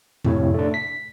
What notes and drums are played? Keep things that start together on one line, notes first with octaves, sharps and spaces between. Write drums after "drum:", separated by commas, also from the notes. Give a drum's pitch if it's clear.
F2 A2 C3 C#5, drum: tom G#2
A3 D4
B6